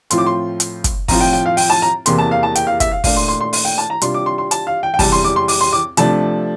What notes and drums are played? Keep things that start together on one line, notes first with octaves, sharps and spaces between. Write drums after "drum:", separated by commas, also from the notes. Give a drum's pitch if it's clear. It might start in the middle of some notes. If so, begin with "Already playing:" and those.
A2 F3 C4 F4 C6, drum: hi-hat
D6
C6
drum: hi-hat
drum: kick, hi-hat
A2 F3 C4 F4 A#5, drum: kick, open hi-hat
G5
G5
F5
G5, drum: open hi-hat
A5
A#5
E2 C3 E3 A#3 C6, drum: hi-hat
A5
F5
A5
G5, drum: hi-hat
F5
E5, drum: kick, hi-hat
F5
A#2 A3 D4 F5, drum: kick, open hi-hat
C6
C6
C6
C6, drum: open hi-hat
G5
A5
A#5
C3 G3 D4 F4 C6, drum: hi-hat
D6
C6
C6
A5, drum: hi-hat
F5
G5
G5
E2 C3 G3 A5, drum: kick, open hi-hat
C6
D6
C6
D6, drum: open hi-hat
C6
D6
C3 F3 A3 D4 A5, drum: hi-hat